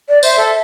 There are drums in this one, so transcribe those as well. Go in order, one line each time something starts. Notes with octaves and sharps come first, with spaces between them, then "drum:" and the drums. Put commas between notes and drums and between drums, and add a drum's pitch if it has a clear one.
D5
C5 E5, drum: tambourine
A4